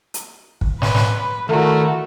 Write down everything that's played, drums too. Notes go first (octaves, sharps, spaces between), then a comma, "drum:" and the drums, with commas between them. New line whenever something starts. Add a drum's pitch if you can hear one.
drum: hi-hat
drum: kick
B4, drum: snare
drum: snare
D#3 A3 E4 F#4 A#4 D5